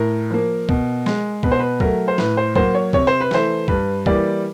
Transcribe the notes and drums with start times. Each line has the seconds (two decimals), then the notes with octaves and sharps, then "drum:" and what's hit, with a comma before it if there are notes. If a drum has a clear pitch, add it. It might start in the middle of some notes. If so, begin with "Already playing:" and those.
Already playing: A2 A#4
0.30 F3 A#3
0.69 B2, drum: kick
1.06 G#3, drum: snare
1.43 B2 B4, drum: kick
1.52 C5
1.59 B4
1.80 F#3 A3 A#4, drum: kick
2.08 C5
2.18 A2 B4, drum: snare
2.37 C5
2.56 F#3 A#3 C5, drum: kick
2.75 C#5
2.93 C3 C#5, drum: kick
3.07 C5
3.21 B4
3.31 E3 A3 C5, drum: snare
3.68 G2 B4, drum: kick
4.06 E3 G3 A#3 D5, drum: kick